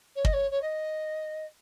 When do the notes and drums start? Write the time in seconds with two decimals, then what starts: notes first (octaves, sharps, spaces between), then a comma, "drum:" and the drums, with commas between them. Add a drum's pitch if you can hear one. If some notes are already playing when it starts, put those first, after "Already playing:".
0.15 C#5
0.25 D#5, drum: kick
0.33 C#5
0.51 C#5
0.62 D#5